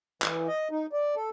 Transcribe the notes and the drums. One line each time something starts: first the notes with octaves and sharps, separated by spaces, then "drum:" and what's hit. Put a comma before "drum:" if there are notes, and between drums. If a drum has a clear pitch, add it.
E3, drum: clap
D#5
D#4
D5
A4